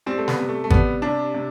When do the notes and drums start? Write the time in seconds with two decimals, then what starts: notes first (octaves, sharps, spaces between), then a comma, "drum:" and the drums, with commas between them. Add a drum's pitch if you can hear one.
0.06 G3 C4
0.18 A3
0.28 B3, drum: snare
0.39 C3
0.49 A3
0.64 A3
0.70 G3 B3, drum: kick G#1
1.02 C3 D4
1.34 C3